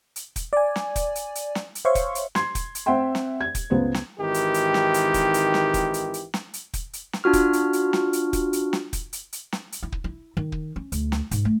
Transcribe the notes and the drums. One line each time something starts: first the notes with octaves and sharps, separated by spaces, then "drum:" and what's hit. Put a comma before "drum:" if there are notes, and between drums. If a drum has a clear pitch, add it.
drum: hi-hat
drum: kick, hi-hat
D5 G#5
drum: snare
drum: kick, hi-hat
drum: hi-hat
drum: hi-hat
drum: snare
drum: hi-hat
C5 C#5 E5 F5 C6 C#6
drum: kick, hi-hat
drum: hi-hat
C6 G#6, drum: snare
drum: kick, hi-hat
drum: hi-hat
C4 C5 E5 F#5 G5 C6
drum: snare
G#6
drum: kick, hi-hat
C#2 B3 C5
drum: snare
G#1 D#3 E3 G4
drum: hi-hat
drum: hi-hat
drum: snare
drum: hi-hat
drum: kick, hi-hat
drum: hi-hat
drum: snare
drum: kick, hi-hat
drum: hi-hat
drum: hi-hat
drum: snare
drum: hi-hat
drum: kick, hi-hat
drum: hi-hat
drum: snare
D4 F4 F#4 F6
drum: kick, hi-hat
drum: hi-hat
drum: hi-hat
drum: snare
drum: hi-hat
drum: kick, hi-hat
drum: hi-hat
drum: snare
drum: kick, hi-hat
drum: hi-hat
drum: hi-hat
drum: snare
drum: hi-hat
E4
drum: kick
E4
D#3
drum: kick
C#4
D2, drum: hi-hat
drum: snare
G#2, drum: hi-hat
A3